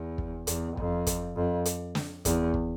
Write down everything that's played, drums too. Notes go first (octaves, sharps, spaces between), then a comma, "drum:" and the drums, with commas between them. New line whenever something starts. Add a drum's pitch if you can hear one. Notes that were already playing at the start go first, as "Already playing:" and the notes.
Already playing: E2
drum: kick
E2, drum: hi-hat
F2, drum: kick
drum: kick, hi-hat
F2
drum: hi-hat
drum: snare
E2, drum: kick, hi-hat
drum: kick